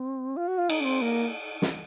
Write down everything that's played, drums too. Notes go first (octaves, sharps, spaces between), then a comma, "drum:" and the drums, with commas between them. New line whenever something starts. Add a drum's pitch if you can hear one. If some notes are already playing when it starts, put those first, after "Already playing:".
Already playing: C4
F4
F#4
F4
D#4, drum: cymbal
C#4
C4
A#3
drum: snare